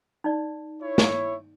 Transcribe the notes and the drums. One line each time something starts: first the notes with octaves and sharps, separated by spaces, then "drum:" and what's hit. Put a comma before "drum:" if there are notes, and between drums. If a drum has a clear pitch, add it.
D#4 D5
E4 C#5
drum: snare